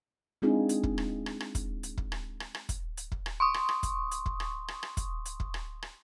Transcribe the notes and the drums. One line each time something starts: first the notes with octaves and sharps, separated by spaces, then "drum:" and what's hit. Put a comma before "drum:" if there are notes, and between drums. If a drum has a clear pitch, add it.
G#3 C4 D4 D#4 F4 G#4
drum: hi-hat
drum: kick
drum: rim click
drum: rim click
drum: rim click
drum: kick, hi-hat
drum: hi-hat
drum: kick
drum: rim click
drum: rim click
drum: rim click
drum: kick, hi-hat
drum: hi-hat
drum: kick
drum: rim click
C6 C#6 D#6
drum: rim click
drum: rim click
drum: kick, hi-hat
drum: hi-hat
drum: kick
drum: rim click
drum: rim click
drum: rim click
drum: kick, hi-hat
drum: hi-hat
drum: kick
drum: rim click
drum: rim click